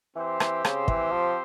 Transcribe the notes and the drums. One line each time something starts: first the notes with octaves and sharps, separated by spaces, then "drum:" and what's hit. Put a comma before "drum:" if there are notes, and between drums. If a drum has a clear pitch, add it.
E3 C4 G4 C5
E3, drum: rim click
C#3, drum: rim click
E3, drum: kick
F3